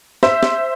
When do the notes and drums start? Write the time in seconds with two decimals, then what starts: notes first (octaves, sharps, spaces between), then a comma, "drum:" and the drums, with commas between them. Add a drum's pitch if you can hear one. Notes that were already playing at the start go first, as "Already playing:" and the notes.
0.23 C5 E5, drum: snare
0.43 drum: snare